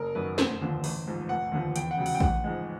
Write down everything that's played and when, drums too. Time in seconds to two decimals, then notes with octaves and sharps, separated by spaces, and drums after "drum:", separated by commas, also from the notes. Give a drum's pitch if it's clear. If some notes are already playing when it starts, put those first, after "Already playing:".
Already playing: F#1 A#4
0.15 F#2 D#3 F#3 B4
0.38 F1 C5, drum: snare
0.61 D#2 D3 F3
0.84 A1, drum: open hi-hat
1.07 G#2 F3
1.29 F1 F#5
1.52 D#2 D3 F3
1.76 E2 G5, drum: hi-hat
1.91 F#5
1.97 C#3 F#3
2.06 F#5, drum: open hi-hat
2.14 G5
2.20 A1 F#5, drum: kick A#1
2.44 G#2 F3 G#3